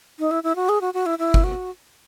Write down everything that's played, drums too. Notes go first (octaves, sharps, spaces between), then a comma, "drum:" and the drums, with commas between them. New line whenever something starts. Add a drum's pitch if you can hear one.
D#4
E4
E4
F#4
G#4
F#4
F#4
E4
E4
drum: kick G1
F#4